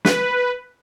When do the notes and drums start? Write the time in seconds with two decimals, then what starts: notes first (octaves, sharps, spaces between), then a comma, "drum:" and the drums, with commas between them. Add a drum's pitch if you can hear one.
0.05 B4, drum: snare